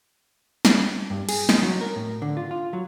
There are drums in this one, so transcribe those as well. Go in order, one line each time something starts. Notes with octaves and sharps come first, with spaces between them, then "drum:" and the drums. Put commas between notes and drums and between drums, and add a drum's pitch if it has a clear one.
drum: snare
G2
G#4, drum: cymbal
D#4, drum: snare
F#3
A#4
A2
D3
F4
F4
F#3